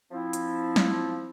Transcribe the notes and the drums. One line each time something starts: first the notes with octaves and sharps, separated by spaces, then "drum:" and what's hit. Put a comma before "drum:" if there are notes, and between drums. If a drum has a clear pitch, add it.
F3 C4 E4
drum: hi-hat
drum: snare